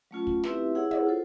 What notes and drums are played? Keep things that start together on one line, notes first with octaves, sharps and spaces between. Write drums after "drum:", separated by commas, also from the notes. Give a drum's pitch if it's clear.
F#3 A3 C#4 F4
drum: kick
C4 E4 G4 B4 E5, drum: snare
E4 G#4 C#5 F#5
drum: tom
F4 A4 C5